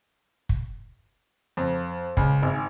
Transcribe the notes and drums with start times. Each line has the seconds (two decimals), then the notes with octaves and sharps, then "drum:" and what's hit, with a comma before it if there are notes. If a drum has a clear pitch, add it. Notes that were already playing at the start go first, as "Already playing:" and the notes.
0.49 drum: kick
1.57 F2
2.17 C#2, drum: kick
2.42 G#1